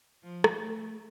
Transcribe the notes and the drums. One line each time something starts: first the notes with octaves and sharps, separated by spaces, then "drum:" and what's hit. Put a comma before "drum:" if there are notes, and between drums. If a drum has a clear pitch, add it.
F3
drum: rim click
A3